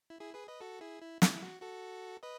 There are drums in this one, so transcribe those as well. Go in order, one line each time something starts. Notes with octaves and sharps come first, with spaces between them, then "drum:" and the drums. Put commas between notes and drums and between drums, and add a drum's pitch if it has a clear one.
E4
E4 G#4
G#4 B4
B4 D#5
F#4 A4
E4 G#4
E4
E4, drum: snare
E4
F#4
F#4 A4
B4 D#5